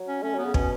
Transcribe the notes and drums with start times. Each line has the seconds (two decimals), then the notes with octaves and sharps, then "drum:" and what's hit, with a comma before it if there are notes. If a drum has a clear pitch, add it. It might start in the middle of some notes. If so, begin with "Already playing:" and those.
Already playing: F#3
0.08 C#4
0.23 A3 C#4
0.34 F#3 B3
0.45 C#3
0.54 B2 C#4, drum: kick